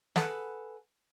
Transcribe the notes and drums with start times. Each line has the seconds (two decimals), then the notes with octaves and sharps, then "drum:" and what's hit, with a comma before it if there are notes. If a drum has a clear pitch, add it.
0.16 G#4 A4 B4 F#5, drum: snare